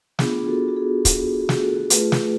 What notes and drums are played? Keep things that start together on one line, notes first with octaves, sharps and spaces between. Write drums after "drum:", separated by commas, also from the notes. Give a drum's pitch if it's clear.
B3 D4 F4 G#4, drum: snare
F#4 A4
F#4
G#4
drum: kick, hi-hat
G#4
F#4
G#4, drum: snare
F#4 A4
A3 F4 G#4 B4, drum: hi-hat
drum: snare